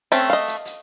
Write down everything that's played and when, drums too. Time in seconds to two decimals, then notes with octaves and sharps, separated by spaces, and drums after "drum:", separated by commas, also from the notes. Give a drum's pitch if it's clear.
0.12 A3 C4 C#4 E5, drum: hi-hat
0.30 D#5 F5
0.47 drum: hi-hat
0.65 drum: hi-hat